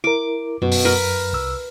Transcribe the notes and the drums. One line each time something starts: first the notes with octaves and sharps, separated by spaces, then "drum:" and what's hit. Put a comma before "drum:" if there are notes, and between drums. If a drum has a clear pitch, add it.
E4 A#4 D6
F#2 B2
drum: open hi-hat
A#4 B4
C2 E6